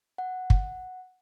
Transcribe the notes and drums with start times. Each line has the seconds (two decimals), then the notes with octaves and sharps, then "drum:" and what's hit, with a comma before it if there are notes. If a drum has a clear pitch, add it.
0.18 F#5
0.50 drum: kick